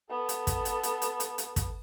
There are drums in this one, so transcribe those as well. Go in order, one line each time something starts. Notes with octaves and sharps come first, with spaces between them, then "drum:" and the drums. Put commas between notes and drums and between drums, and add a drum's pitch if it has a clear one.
B3 A4
drum: hi-hat
drum: kick, hi-hat
drum: hi-hat
drum: hi-hat
drum: hi-hat
drum: hi-hat
drum: hi-hat
drum: kick, hi-hat